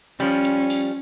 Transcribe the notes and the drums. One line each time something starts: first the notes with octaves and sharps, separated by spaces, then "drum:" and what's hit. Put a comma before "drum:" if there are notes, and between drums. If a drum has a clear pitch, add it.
F3 G3 C#4, drum: hi-hat
drum: hi-hat
drum: open hi-hat